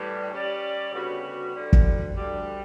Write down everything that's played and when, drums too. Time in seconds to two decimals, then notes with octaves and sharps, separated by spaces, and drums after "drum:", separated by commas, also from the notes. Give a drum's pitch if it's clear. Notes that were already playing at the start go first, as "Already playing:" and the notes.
Already playing: A2 E3 G3
0.32 G3 C#4 G4 D5
0.92 D2 C#3 G3 B3 F#4
1.52 D2 D3 G3
1.73 drum: kick
2.13 D2 D3 G3